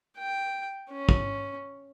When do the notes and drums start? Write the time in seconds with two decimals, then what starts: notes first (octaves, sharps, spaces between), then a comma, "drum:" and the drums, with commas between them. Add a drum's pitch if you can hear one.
0.18 G5
0.91 C#4
1.09 drum: kick